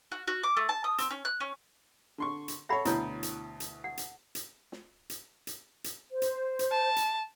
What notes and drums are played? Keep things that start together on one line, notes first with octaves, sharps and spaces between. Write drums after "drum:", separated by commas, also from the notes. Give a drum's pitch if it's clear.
F#4
F#4
D6
A3
A5
D#6
C4, drum: hi-hat
C#4
F#6
C#4
D3 C6 C#6
drum: hi-hat
A4 C#5 E5 F#5 B5
D2 B2 E4 C#5 D#5, drum: hi-hat
drum: hi-hat
drum: hi-hat
F#5
drum: hi-hat
drum: hi-hat
drum: snare
drum: hi-hat
drum: hi-hat
drum: hi-hat
C5
drum: hi-hat
drum: hi-hat
A5
drum: hi-hat